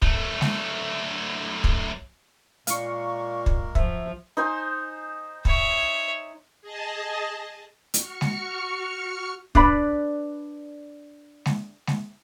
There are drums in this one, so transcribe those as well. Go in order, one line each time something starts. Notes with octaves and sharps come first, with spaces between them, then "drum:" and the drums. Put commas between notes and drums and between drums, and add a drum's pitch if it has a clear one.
F#3 A3, drum: kick
drum: snare G#3
drum: kick
A#2 G#3 A#3 A#4 F5 C#6, drum: hi-hat
drum: kick
F3 F#3 E5, drum: kick
D#4 C5 G#5
C#5 E5, drum: kick
G#4 D#5 A5
F#4 C#6 F6 C#7, drum: hi-hat
drum: snare G#3
D4 B4 D5 B5, drum: kick
drum: snare G#3
drum: snare G#3